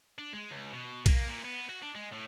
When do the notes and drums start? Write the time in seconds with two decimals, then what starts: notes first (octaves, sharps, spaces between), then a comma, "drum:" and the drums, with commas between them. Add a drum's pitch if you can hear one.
0.18 D4
0.33 G#3
0.51 C#2
0.73 B2
1.06 A#3, drum: kick, cymbal
1.28 A#2
1.45 B3
1.69 F#4
1.82 D4
1.95 G#3
2.12 A2